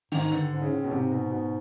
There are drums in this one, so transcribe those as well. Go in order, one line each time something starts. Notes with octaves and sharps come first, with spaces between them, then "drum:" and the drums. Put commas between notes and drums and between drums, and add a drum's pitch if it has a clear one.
G#2 D#3, drum: open hi-hat
G2 D3
G#2
C#3
A2
B2
G#2 C3
B2
B2